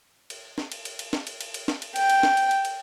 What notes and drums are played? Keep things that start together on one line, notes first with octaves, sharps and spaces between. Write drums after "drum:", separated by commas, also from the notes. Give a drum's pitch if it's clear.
drum: cymbal
drum: snare
drum: cymbal
drum: cymbal
drum: cymbal
drum: snare
drum: cymbal
drum: cymbal
drum: cymbal
drum: snare
drum: cymbal
G5, drum: cymbal
drum: cymbal
drum: snare
drum: cymbal
drum: cymbal
drum: cymbal